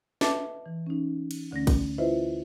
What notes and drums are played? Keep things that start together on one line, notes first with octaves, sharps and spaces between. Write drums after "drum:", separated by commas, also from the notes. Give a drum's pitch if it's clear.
B4 D#5 E5 A5 D6 A6, drum: snare
E3
C#4 D#4
drum: cymbal
D2 D3 A3 C#4 A#6
drum: kick, cymbal
E4 F4 B4 C5 D#5 E5